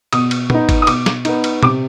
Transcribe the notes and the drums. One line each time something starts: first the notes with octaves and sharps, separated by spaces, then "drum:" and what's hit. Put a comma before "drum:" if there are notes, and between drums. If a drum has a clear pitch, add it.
B2 D#6, drum: cymbal
drum: cymbal
B3 D#4, drum: tom
drum: kick G1, cymbal
D#6
B2 D6, drum: cymbal
drum: snare
B3 D#4, drum: cymbal
drum: cymbal
C3 D6, drum: tom